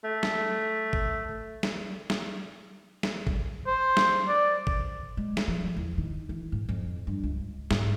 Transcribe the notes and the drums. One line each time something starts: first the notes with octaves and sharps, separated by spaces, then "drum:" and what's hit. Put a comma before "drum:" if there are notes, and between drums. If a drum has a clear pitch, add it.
A3
drum: snare
drum: kick
drum: snare
drum: snare
drum: snare
drum: kick
C5
drum: snare
D5
drum: kick
G#3
drum: snare
F3
E2
D#3
E3
G#2
F2
G2
C#2
G#2, drum: snare